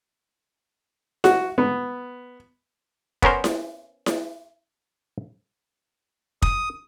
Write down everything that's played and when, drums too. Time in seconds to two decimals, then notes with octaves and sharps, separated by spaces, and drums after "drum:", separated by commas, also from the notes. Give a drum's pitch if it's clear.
1.24 F#4, drum: snare E4
1.58 B3
3.22 B3 C#4 A#4 C5, drum: kick
3.44 drum: snare E4
4.06 drum: snare E4
6.42 D#6, drum: kick